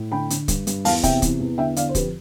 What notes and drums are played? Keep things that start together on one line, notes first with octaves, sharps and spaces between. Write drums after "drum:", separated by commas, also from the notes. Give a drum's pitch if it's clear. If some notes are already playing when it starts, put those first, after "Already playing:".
Already playing: A2
D3 G5 B5
D3, drum: hi-hat
G2, drum: kick, hi-hat
G2, drum: hi-hat
E2 F5 A5, drum: open hi-hat
C3 E5 G5, drum: kick, hi-hat
E3, drum: kick, hi-hat
E2
D3 E5 G5
D3 D5 F5, drum: hi-hat
C5
F2 G4 B4, drum: kick, hi-hat